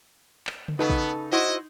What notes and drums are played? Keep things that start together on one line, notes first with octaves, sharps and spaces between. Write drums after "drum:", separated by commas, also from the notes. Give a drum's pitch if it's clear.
drum: clap
drum: tom C#3
C#3 B3 D#4 A4 B4
drum: kick
E4 F#4 C5 D#5